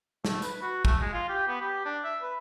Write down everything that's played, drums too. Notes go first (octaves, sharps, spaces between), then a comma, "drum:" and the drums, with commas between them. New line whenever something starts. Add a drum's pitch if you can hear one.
A3, drum: snare
B4, drum: tambourine
F#4
A3, drum: kick
G#3
F4
G4
B3
G4
D4
E5
B4